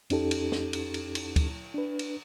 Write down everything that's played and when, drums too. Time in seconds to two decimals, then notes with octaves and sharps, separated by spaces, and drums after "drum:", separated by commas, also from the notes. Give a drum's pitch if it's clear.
0.10 F2 C#4 D#4 G4 A4, drum: cymbal
0.31 drum: cymbal
0.52 drum: snare
0.73 drum: cymbal
0.94 drum: cymbal
1.15 drum: cymbal
1.36 drum: kick D2, cymbal
1.74 D4 B4
1.99 drum: cymbal